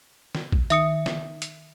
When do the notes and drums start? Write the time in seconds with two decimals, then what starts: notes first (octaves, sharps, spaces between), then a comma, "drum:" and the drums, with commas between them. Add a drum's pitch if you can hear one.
0.35 drum: snare
0.52 drum: kick A#1
0.70 D#3 E5 D#6 C#7, drum: hi-hat
1.06 drum: snare
1.42 drum: hi-hat